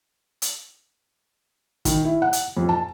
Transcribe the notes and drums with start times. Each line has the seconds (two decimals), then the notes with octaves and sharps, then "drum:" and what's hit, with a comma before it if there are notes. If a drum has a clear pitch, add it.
0.42 drum: hi-hat
1.85 D#3, drum: kick, hi-hat
2.05 E4
2.22 F#5
2.33 drum: hi-hat
2.57 F2
2.69 A5